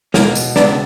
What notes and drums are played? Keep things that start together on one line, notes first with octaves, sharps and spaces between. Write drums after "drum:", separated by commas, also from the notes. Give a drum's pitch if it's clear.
B2 A#3, drum: snare
drum: tambourine
C#2 B3 D4, drum: snare